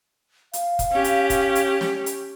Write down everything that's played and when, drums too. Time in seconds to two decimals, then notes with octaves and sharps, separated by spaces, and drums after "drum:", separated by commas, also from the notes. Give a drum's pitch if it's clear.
0.53 F5, drum: hi-hat
0.79 drum: kick, hi-hat
0.92 C#4 G4
1.04 drum: hi-hat
1.30 drum: kick, hi-hat
1.55 drum: hi-hat
1.81 drum: snare
2.06 drum: hi-hat